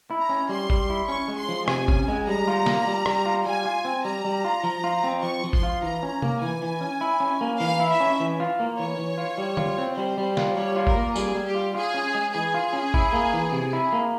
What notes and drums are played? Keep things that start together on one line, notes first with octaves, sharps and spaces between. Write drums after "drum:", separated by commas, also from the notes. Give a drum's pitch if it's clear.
E4
A#5
C#4
G3 C6
G3, drum: kick G1
E4
C#4 C#6
G#3
C6
F3
C3 G#5, drum: rim click
C#4, drum: kick G1
G#3
G3 A#5
F4
A#3, drum: snare
G3
G3, drum: rim click
F4
G3 G#5
F4
C4
G3 A#5
G3
F4
F3
F4
C4
F3 C#6
F3
C6, drum: kick G1
F4
E3 A#5
C#4
A#3, drum: tom C3
E3 G#5
E3
C#4
E4
C#4
A#3
E3 F5
E4
E5
C#4
E3
F4
A#3
E3 C#5
E3
F4
G3
F4, drum: tom D3
C4
G3 C5
G3
F4, drum: snare
G3 C#5
F4
A#4, drum: kick G1
A#3
G3 G#4, drum: tambourine
G3
G4
F4
F4 G#4
C#4
G#3
E3 G#4
F4
C#4
E4, drum: kick G1
A#3
E3
C3
E4
A#3